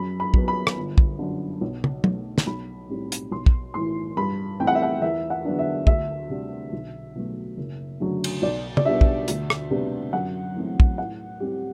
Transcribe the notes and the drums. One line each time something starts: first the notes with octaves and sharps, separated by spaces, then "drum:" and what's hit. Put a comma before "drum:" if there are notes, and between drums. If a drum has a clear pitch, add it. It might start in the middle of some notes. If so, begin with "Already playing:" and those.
Already playing: F#2 B5
B5
F#3 B3, drum: kick
B5
drum: rim click
G1
drum: kick
F#2 D3
B1
drum: tom
B2 A3, drum: tom
drum: snare
B1 B5
A2 G3 C4
drum: hi-hat
B1 C6
drum: kick
A2 E3 C6
G2 B5
E3 A3 C4 E4 G5
F#5
E5
F#5
E2 E5
F#5
D3 F#3 B3 D4
E5
D2 E5, drum: kick
C3 G3 D4
B1
B2 F#3 A3
F#1
F#2 D3 F#3 A3
drum: cymbal
B1 D5
D5, drum: tom
B2 G3 D4 E5
drum: kick
D2, drum: hi-hat
drum: rim click
C3 G3 B3 D4
F#2 F#5
E3 A3 C4 E4
drum: kick
A2 F#5
G3 C4 E4 G4